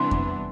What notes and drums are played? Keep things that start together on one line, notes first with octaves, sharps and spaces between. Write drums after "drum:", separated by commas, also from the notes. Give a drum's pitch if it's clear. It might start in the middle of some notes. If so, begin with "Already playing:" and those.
Already playing: C3 E3 G3 B3 D4 C6
drum: kick F2